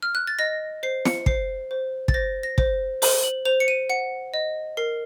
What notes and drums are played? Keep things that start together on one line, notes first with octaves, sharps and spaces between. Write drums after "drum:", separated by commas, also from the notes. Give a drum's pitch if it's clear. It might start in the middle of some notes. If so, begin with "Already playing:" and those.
F6
F#6
A6
D#5 A#6
C5 C7
C#7, drum: snare
C5 C7, drum: kick
C5
A6, drum: kick
C5 A#6
A#6
C5, drum: kick
C5 F#7, drum: open hi-hat
F#7
C5 F7
C#7
D#7
F#5 C#7
D#5
A#4 C7